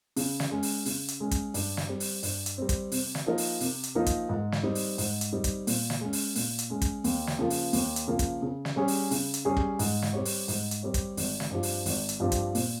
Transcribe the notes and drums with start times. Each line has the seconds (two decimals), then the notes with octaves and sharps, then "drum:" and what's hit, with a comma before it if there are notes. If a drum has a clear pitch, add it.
0.16 C#3, drum: open hi-hat
0.40 drum: snare
0.51 G#3 C#4
0.63 drum: open hi-hat
0.86 C#3, drum: open hi-hat
1.08 drum: hi-hat
1.20 G#3 C#4
1.31 drum: kick, hi-hat
1.54 G2, drum: open hi-hat
1.77 drum: snare
1.89 G3 C4
2.00 drum: open hi-hat
2.23 G2, drum: open hi-hat
2.46 drum: hi-hat
2.58 G3 C4
2.69 drum: kick, hi-hat
2.92 C3, drum: open hi-hat
3.15 drum: snare
3.27 F3 A#3 D#4 A#4
3.38 drum: open hi-hat
3.60 C3, drum: open hi-hat
3.84 drum: hi-hat
3.95 F3 A#3 D#4 A#4
4.06 drum: kick, hi-hat
4.29 G#2
4.52 drum: snare
4.63 G3 C4 D#4
4.75 drum: open hi-hat
4.98 G#2, drum: open hi-hat
5.21 drum: hi-hat
5.33 G3 C4 D#4
5.44 drum: kick, hi-hat
5.67 A#2, drum: open hi-hat
5.90 drum: snare
6.01 G#3 C#4
6.13 drum: open hi-hat
6.35 A#2, drum: open hi-hat
6.59 drum: hi-hat
6.70 G#3 C#4
6.82 drum: kick, hi-hat
7.04 D#2, drum: open hi-hat
7.27 drum: snare
7.39 C#3 F3 A#3
7.50 drum: open hi-hat
7.73 D#2, drum: open hi-hat
7.96 drum: hi-hat
8.08 C#3 F3 A#3
8.19 drum: kick, hi-hat
8.42 C#3
8.65 drum: snare
8.76 G3 C#4 G#4 C#5
8.88 drum: open hi-hat
9.11 C#3, drum: open hi-hat
9.34 drum: hi-hat
9.45 G3 C#4 G#4 C#5
9.57 drum: kick
9.79 G#2, drum: open hi-hat
10.02 drum: snare
10.13 G3 C4 G4 C#5
10.25 drum: open hi-hat
10.48 G#2, drum: open hi-hat
10.71 drum: hi-hat
10.83 G3 C4 G4 C#5
10.94 drum: kick, hi-hat
11.17 G#1, drum: open hi-hat
11.40 drum: snare
11.51 G2 F3 C4 G4
11.63 drum: open hi-hat
11.86 G#1, drum: open hi-hat
12.09 drum: hi-hat
12.20 G2 F3 C4 G4
12.32 drum: kick, hi-hat
12.55 A#2, drum: open hi-hat